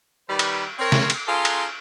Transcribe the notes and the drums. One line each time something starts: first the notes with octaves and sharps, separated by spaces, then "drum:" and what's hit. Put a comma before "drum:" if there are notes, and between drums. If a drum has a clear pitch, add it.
D#3 G3 B4
drum: cymbal
C4 A#4 C#5
drum: snare
drum: cymbal
C#4 F4 G#4 A4 A#5 C6
drum: cymbal